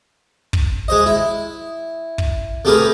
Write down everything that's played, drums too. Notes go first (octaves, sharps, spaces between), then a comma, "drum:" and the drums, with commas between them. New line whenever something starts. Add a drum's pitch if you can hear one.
drum: kick
G#3 C5 D#5
E4
drum: kick
A3 C4 G4 G#4 A#4 B4